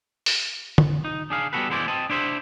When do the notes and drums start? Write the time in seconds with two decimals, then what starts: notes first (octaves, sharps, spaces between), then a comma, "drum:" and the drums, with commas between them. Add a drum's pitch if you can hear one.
0.26 drum: open hi-hat
0.78 drum: tom
1.05 D#4
1.30 D4 G#4 F5
1.53 G3 B3 C4 F#4 A4 B4
1.69 E2 B2 G#3 E4 C5 D5
1.88 C4 D#5 A5
2.10 D4 E4 C5 E5